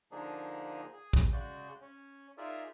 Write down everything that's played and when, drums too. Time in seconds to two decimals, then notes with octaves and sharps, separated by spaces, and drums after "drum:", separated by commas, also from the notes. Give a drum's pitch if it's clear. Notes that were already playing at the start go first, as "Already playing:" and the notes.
0.12 D3 F3 A#3 D4 D#4 G#4
0.93 G#4
1.13 drum: kick
1.33 C#3 G#3 F#4 D5 G6
1.81 C#4
2.38 D#4 F4 G#4 A#4 D5 E5